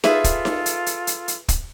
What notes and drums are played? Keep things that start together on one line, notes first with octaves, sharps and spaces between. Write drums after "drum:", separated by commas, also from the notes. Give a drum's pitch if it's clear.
F4 G#4 A4 B4 E5, drum: snare D#4
drum: kick, hi-hat
drum: snare D#4
drum: hi-hat
drum: hi-hat
drum: hi-hat
drum: hi-hat
drum: kick, hi-hat